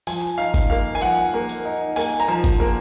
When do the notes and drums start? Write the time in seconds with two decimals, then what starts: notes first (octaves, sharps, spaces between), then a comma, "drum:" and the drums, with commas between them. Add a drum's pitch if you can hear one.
0.07 F3 G#5, drum: open hi-hat
0.38 D#4 F5
0.54 drum: kick G1, hi-hat
0.70 A#3 F5
0.95 G#5
1.01 F3 F#5, drum: hi-hat
1.34 A#3
1.49 drum: hi-hat
1.65 D#4
1.96 A#3 G#5, drum: open hi-hat
2.20 A#5, drum: hi-hat
2.28 F3
2.44 drum: kick G1, hi-hat
2.60 A#3